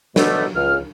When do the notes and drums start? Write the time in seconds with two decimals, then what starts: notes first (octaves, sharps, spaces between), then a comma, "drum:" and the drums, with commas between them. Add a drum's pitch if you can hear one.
0.16 B2 D3 F#3 G3 A3, drum: snare
0.56 C#2 F6